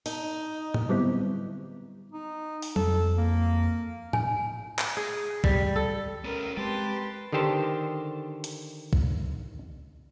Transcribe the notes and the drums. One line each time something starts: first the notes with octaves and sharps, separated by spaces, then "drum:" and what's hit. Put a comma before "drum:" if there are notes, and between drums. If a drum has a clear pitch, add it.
D#4, drum: open hi-hat
drum: tom A2
D3 F#3 G3 B3 C4 E4
D#4
drum: open hi-hat
F2 A4, drum: tom F#3
A#3
G#5, drum: tom A2
drum: clap
G#4
G3, drum: kick
A4
C#4 A#4 B4
G#3 C4 G4 B4 A5 C6
D3 D#3 G4 C5 A5
drum: hi-hat
drum: kick